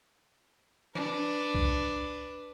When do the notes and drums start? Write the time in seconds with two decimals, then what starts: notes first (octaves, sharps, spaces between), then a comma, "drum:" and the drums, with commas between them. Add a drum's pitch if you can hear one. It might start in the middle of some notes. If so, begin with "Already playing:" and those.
0.95 D4 B4, drum: snare
1.55 drum: kick C2